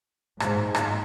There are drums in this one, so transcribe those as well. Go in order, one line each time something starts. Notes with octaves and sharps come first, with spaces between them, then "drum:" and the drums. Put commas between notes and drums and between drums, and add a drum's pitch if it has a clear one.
G#2, drum: rim click
drum: rim click